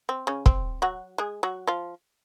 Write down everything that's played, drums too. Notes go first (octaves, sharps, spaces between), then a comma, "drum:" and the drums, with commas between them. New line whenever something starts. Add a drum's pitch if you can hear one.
C4
C#3 C#4
C4, drum: kick
F#3 F#4
G#3 G#4
F#3 F#4
F3 F4